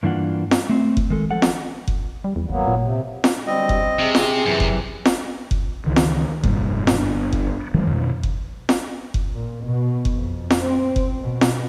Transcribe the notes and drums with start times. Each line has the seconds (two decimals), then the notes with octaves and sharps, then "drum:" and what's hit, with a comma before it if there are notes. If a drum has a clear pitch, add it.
0.03 G2 E3 A#3 D4 F4 F#5
0.51 drum: snare
0.69 A3 C4
0.97 drum: kick F#1
1.10 D#3 G#3 A4
1.31 F3 A4 F#5
1.42 drum: snare
1.88 drum: kick F#1
2.24 G3
2.36 E2
2.50 G#1 F#3 A#3 B3
2.68 A#2
2.82 C3
3.24 drum: snare
3.47 D3 F#3 G3 C4 D#5
3.69 drum: kick F#1
3.99 C3 G#4
4.15 drum: snare
4.46 F#2 C3 E3
4.60 drum: kick F#1
5.05 drum: snare
5.51 drum: kick F#1
5.86 C#2 D#3 E3
5.96 drum: snare
6.44 F1 G2 A#2, drum: kick F#1
6.87 drum: snare
6.98 G1 B3 D4
7.33 drum: kick F#1
7.74 D#3 E3 F#3 G#3
7.87 F2 B2
8.23 drum: kick F#1
8.69 drum: snare
9.14 drum: kick F#1
9.33 A#2
9.64 B2
10.05 drum: kick F#1
10.15 F2
10.50 drum: snare
10.62 C4
10.96 drum: kick F#1
11.21 B2
11.41 drum: snare